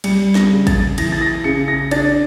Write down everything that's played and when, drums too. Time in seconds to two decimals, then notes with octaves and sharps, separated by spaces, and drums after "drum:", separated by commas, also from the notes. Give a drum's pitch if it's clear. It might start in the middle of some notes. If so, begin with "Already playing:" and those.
0.04 G3 C#7, drum: cymbal
0.35 A#6, drum: snare
0.52 C#3
0.67 A6, drum: kick, cymbal
0.98 E3 A#6, drum: cymbal
1.12 A6
1.21 A#6
1.44 C#3 C#7
1.68 A#6
1.91 D4 A6, drum: cymbal